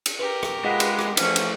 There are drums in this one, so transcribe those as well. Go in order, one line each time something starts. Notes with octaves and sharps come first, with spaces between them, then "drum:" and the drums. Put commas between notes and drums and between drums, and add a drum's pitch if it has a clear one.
drum: cymbal
G4 A#4 B4
drum: rim click
G#3 F4 B4 D#5 F#5 B6
drum: cymbal
drum: rim click
E3 F3 A3 C#4, drum: cymbal
drum: cymbal